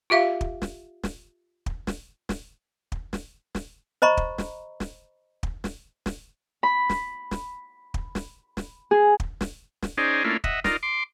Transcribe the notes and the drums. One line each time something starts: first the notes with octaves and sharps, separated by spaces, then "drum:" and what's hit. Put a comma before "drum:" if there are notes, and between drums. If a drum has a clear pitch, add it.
F4 G4 E5 F5
drum: kick
drum: snare
drum: snare
drum: kick
drum: snare
drum: snare
drum: kick
drum: snare
drum: snare
C5 D#5 A#5 B5 C#6
drum: kick
drum: snare
drum: snare
drum: kick
drum: snare
drum: snare
B5
drum: snare
drum: snare
drum: kick
drum: snare
drum: snare
G#4
drum: kick
drum: snare
drum: snare
C#4 D#4 G#4 C5 D5
A3 A#3 C#4 D4 E4 F4
D#5 E5 F#5, drum: kick
D#4 F4 A#4 D5, drum: snare
C6 D6